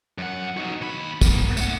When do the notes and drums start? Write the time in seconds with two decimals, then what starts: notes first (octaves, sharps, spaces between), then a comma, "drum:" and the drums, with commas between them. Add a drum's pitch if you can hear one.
0.18 F#2 F#5
0.57 D#4 F#4
0.82 D#2 B5
1.21 B3 A#4, drum: kick, tambourine
1.57 A3 F#5, drum: tambourine